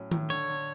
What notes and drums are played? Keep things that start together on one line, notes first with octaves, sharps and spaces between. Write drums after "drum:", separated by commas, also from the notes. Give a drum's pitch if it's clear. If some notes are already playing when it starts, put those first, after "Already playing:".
Already playing: A2 F#3 C#4
A2, drum: tom D#3
D3 C#5
D3